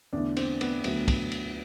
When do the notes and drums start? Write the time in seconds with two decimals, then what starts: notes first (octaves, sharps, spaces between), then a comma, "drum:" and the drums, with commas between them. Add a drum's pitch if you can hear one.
0.13 E2 D3 A3 D4
0.37 C4, drum: cymbal
0.61 B3, drum: cymbal
0.84 D2 D3 F#3 A3 B3, drum: cymbal
1.08 drum: kick, cymbal
1.32 drum: cymbal